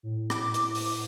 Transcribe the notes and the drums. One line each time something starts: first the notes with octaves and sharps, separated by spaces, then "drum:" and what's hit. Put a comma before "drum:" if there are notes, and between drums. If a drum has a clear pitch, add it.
A2
D6, drum: rim click
A2, drum: hi-hat
drum: open hi-hat